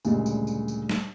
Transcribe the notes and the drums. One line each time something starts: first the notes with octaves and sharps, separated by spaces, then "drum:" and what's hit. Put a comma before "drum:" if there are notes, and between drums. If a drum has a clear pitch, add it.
D2 G2 A#2 C#3 G3 G#3, drum: tambourine
drum: tambourine
drum: tambourine
drum: tambourine
drum: snare